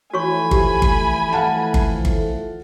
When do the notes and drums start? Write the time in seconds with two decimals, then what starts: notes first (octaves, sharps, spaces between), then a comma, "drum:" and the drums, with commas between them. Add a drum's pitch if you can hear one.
0.13 E3 F3 A3 F#4 C#5 G#5 B5 C#6
0.51 G4, drum: kick G1
0.82 drum: kick G1
1.33 F5 F#5 A5
1.74 drum: kick G1
2.05 drum: kick G1